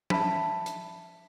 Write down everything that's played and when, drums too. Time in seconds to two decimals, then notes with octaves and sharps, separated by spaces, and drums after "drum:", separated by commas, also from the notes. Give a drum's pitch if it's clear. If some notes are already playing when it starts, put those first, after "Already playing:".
0.10 E5 A5 B5 B6, drum: tom F3
0.66 drum: hi-hat